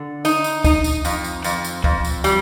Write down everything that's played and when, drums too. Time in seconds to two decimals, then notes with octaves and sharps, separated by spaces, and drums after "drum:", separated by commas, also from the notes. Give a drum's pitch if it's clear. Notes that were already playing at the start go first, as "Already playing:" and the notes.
Already playing: D3
0.25 D#4, drum: tambourine
0.44 drum: tambourine
0.64 D#4, drum: kick, tambourine
0.84 drum: tambourine
1.05 F2, drum: tambourine
1.24 drum: tambourine
1.44 F2, drum: tambourine
1.64 drum: tambourine
1.84 F2, drum: kick
2.05 drum: tambourine
2.24 G3, drum: tambourine